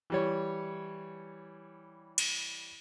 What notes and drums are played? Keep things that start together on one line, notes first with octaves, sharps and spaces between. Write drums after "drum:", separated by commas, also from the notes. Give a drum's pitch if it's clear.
E3 G3 C#5
drum: cymbal